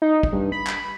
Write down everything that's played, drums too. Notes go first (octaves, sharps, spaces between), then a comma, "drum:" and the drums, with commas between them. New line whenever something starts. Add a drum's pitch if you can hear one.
D#4
drum: kick
G2
B5
drum: clap